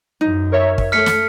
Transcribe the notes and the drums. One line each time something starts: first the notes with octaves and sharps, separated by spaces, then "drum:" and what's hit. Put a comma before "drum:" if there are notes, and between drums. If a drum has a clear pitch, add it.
F#2 D#4
A#4 C#5 E5
drum: kick
A3 F6 B6 C#7
drum: snare